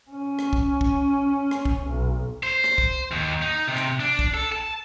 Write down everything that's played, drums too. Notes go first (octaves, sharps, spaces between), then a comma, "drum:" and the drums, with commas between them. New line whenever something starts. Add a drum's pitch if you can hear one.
C#4
drum: rim click
drum: kick
drum: kick
drum: rim click
drum: kick
B1
C5
drum: rim click
drum: kick
D#2
D#4
C3
drum: rim click
D4
drum: kick
A4
A5